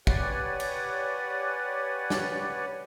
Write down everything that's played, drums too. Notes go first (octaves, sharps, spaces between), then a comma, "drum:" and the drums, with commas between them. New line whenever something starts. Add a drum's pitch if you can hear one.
G4 B4 C#5 D5 F#5 G#5, drum: kick
drum: cymbal
drum: snare